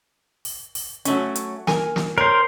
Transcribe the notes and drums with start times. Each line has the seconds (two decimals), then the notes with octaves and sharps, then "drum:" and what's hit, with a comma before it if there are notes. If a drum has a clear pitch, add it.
0.45 drum: open hi-hat
0.75 drum: open hi-hat
1.05 F#3 A3 C#4, drum: hi-hat
1.35 drum: hi-hat
1.67 A#4 G#5, drum: snare
1.96 drum: snare
2.18 A#4 C5 C#5